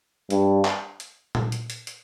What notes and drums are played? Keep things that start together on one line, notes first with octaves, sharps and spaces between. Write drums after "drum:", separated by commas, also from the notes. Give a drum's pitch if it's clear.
G2, drum: hi-hat
drum: clap
drum: hi-hat
drum: tom A#2
drum: hi-hat
drum: hi-hat
drum: hi-hat